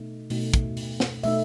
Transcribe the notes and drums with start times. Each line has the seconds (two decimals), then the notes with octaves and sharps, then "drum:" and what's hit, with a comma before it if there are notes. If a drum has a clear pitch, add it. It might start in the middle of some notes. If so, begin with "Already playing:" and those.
Already playing: B2 A3 D#4
0.30 B2 A3 D#4, drum: open hi-hat
0.54 drum: kick, hi-hat
0.77 drum: open hi-hat
1.00 drum: snare
1.23 B2 A3 D#4 E5, drum: open hi-hat